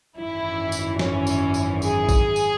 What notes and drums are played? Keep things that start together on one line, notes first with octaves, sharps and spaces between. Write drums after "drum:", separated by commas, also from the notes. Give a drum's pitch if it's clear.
G#1 F#2 E3 E4
drum: tambourine
C#4, drum: snare
drum: tambourine
drum: tambourine
G#4, drum: tambourine
drum: kick A1, tambourine
drum: tambourine